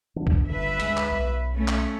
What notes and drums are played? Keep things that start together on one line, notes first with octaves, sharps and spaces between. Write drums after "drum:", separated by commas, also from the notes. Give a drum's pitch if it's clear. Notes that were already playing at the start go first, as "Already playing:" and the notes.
E3 B3 D4
drum: kick
G1 D3 B4 E5
D2 G#3, drum: hi-hat
drum: clap
B1
A3 C#4
drum: clap